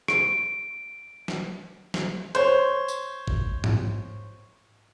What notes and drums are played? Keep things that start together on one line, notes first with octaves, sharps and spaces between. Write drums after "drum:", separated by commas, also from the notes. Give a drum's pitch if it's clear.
D7, drum: rim click
drum: snare
drum: snare
C5 C#5, drum: hi-hat
drum: tambourine
drum: kick G#1
drum: tom G#2